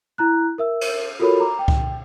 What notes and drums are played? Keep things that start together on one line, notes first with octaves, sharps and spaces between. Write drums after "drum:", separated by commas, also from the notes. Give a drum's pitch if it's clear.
E4 A#5 F#6
A#4 E5 E6
drum: cymbal
F4 F#4 A4 A#4 C#5 B5
A#5 D6
G5
drum: kick C#2